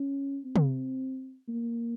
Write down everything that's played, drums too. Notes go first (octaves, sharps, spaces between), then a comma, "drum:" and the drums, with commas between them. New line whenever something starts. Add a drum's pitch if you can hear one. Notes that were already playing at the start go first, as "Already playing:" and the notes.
Already playing: C#4
C4
drum: tom C3
A#3